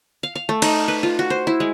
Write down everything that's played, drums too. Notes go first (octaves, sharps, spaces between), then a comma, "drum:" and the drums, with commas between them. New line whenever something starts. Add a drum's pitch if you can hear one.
F5
F5
A3
D#4, drum: cymbal
B4
F4
F#4
C5
E4
G#3